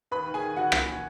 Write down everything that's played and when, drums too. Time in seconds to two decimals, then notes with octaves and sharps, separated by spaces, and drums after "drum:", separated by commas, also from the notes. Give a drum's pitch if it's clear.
0.11 D#2 B4 B5
0.26 D#3
0.34 G#4 G#5
0.42 D#3
0.56 D#2 F#4 F#5
0.72 D#2, drum: rim click
0.88 D#3